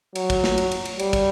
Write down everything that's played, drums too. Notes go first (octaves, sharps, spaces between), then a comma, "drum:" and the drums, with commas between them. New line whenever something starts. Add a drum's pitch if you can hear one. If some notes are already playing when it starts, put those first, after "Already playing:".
F#3, drum: cymbal
drum: kick, cymbal
drum: snare
drum: cymbal
drum: cymbal
drum: cymbal
G3, drum: cymbal
drum: kick, cymbal